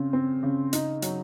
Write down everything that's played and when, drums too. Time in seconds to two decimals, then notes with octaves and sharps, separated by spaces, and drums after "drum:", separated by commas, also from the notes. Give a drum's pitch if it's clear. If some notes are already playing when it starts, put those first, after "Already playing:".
Already playing: C#3 C4
0.13 C4
0.43 C#3
0.73 D#4, drum: hi-hat
1.02 F#3, drum: hi-hat